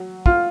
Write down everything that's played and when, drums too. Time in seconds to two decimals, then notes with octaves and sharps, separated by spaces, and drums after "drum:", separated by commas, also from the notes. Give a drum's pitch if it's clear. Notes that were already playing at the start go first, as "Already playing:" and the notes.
Already playing: F#3
0.26 F4, drum: kick